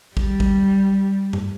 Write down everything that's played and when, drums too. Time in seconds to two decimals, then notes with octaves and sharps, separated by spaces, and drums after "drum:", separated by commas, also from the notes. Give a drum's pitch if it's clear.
0.17 G3, drum: kick
0.40 drum: kick
1.33 drum: tom G2